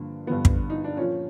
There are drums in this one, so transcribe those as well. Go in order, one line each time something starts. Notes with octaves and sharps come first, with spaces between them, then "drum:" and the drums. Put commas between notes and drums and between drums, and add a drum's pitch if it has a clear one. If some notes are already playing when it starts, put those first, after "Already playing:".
Already playing: G2 D3 F3 A#3
G2 D3 F3 B3
drum: kick
D#4
D4
A#2 F3 C#4